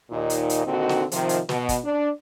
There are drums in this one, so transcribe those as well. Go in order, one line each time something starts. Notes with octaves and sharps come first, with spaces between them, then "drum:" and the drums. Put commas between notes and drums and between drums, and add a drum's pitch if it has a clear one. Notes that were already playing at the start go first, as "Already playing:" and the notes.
D#2 A#2 D#4
drum: hi-hat
drum: hi-hat
A#2 D3 D#3 C4 D#4 F#4
drum: snare
C3 D#3 F3, drum: hi-hat
drum: hi-hat
B2, drum: snare
drum: kick, hi-hat
D4